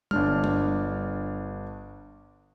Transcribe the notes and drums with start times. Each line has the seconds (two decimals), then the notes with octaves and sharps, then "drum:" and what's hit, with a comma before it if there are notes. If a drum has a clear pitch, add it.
0.11 G1 D4 F6, drum: tom G3
0.44 drum: tom G3